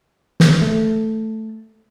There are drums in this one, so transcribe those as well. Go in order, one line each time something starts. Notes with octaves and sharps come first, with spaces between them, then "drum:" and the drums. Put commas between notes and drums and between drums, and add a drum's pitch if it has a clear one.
drum: snare
A3